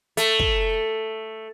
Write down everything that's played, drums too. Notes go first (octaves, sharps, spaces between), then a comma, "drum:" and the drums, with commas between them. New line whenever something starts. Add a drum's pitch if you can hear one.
A3, drum: hi-hat
drum: kick